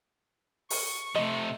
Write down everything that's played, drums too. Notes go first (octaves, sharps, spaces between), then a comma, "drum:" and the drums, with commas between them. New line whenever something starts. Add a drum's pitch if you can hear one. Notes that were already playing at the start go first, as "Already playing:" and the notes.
C#6, drum: open hi-hat
C3 F3 A3 D#5